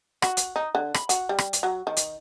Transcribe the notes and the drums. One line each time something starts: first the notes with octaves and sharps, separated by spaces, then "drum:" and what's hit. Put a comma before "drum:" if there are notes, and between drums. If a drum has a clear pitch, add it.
F#4, drum: rim click
drum: hi-hat
D#4
D3
B5, drum: rim click
F#4, drum: hi-hat
G3
drum: rim click
drum: hi-hat
F#3
D#3
drum: hi-hat